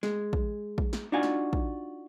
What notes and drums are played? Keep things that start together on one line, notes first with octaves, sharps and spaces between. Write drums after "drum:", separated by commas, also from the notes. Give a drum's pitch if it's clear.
G#3, drum: snare
drum: kick
drum: kick
drum: snare
D4 D#4 F4 F#4 F5 G#5
drum: snare
drum: kick